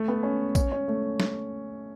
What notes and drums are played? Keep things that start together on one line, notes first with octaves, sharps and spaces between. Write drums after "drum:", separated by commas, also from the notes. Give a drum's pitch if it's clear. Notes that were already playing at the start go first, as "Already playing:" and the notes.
Already playing: A3
B3
C#4
C#4, drum: kick A#1, tambourine
C#4
A3
drum: snare